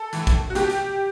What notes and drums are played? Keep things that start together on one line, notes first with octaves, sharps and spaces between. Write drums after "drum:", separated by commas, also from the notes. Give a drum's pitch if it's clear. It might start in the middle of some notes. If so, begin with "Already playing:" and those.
Already playing: A4
A2 E3, drum: hi-hat
drum: kick, hi-hat
F#4
B2 G4, drum: hi-hat
drum: hi-hat